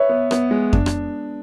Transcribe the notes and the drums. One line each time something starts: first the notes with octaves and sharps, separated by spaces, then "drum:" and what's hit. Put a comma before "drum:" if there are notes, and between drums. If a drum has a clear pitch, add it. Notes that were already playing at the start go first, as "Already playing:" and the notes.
Already playing: B4 C#5 E5
B3
B3, drum: rim click
G#3
D4, drum: kick F2
drum: rim click